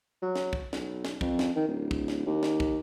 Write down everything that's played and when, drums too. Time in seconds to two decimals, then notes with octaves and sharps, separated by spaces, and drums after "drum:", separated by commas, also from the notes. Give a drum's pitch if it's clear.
0.22 F#3
0.35 drum: snare
0.53 drum: kick
0.73 B1, drum: snare
1.05 drum: snare
1.21 F2, drum: kick
1.39 drum: snare
1.55 D#3
1.68 D1
1.91 drum: kick
2.08 drum: snare
2.25 D#2
2.43 drum: snare
2.60 drum: kick